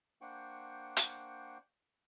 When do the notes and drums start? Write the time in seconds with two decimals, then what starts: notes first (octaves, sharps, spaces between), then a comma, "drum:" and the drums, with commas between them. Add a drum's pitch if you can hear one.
0.21 A#3 D4 C5 F#5 G5 C#6
0.97 drum: hi-hat